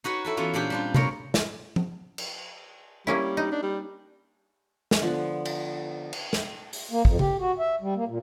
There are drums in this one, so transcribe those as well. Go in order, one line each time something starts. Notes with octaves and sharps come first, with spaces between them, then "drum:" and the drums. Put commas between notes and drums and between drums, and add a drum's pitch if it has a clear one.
D#4 F#4 B4 C#5
E4 A4 B4
E3 B3 C#4 F4 F#4
A#2 C4 D4 G4
G3 D4 F4
B2 C4 A#4 C#5, drum: tom C3
drum: snare
drum: tom F3
drum: cymbal
G3 A#3 C#4 E4
D#4
D4
G3
drum: snare
D3 F3 B3
drum: cymbal
drum: cymbal
drum: snare
drum: open hi-hat
A#3
F2, drum: kick
G4, drum: tom C#3
F#4
E5
G3
A#3
A#2